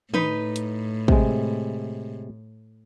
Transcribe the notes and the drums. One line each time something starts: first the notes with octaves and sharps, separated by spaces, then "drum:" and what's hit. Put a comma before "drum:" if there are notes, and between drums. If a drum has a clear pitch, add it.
A2 D#4 B4, drum: tom
drum: hi-hat
C3 G#3, drum: kick